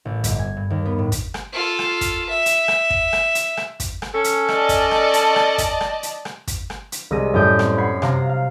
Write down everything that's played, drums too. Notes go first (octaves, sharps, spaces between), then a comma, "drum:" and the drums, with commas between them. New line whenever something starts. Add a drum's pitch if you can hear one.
A1
G1, drum: kick, hi-hat
G#5
G2
D#2
B3
A2
drum: kick, hi-hat
drum: rim click
F4 A4
drum: rim click
drum: kick, hi-hat
E5
drum: hi-hat
drum: rim click
drum: kick
drum: rim click
drum: hi-hat
drum: rim click
drum: kick, hi-hat
drum: rim click
C#4 A4
drum: hi-hat
D5 D#5 A5, drum: rim click
drum: kick, hi-hat
drum: rim click
drum: hi-hat
drum: rim click
drum: kick, hi-hat
drum: rim click
drum: hi-hat
drum: rim click
drum: kick, hi-hat
drum: rim click
drum: hi-hat
C2 G#3 E6 A#6 D#7
F#2 A2 G3 G5 D#6 G6
C4, drum: rim click
F#5 B5 G#6 C7
C3 F5 A#5, drum: rim click
F5